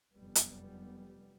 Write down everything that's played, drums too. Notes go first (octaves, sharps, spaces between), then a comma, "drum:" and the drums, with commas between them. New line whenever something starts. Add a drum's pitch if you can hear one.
F1 F#2 G3 B3
drum: hi-hat